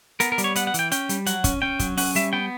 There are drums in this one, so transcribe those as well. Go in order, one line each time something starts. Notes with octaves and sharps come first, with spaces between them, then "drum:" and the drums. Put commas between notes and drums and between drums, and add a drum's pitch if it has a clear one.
B3 A#4, drum: hi-hat
A#4
G3, drum: hi-hat
C#5
B3 F#5, drum: hi-hat
F#5
E3 G5, drum: hi-hat
C#4 G5, drum: hi-hat
G3, drum: hi-hat
F#3 F#5, drum: hi-hat
C#4, drum: kick, hi-hat
C#4 G5
F#3, drum: kick, hi-hat
C#4 F#5, drum: open hi-hat
G3 E5, drum: hi-hat
B3 G5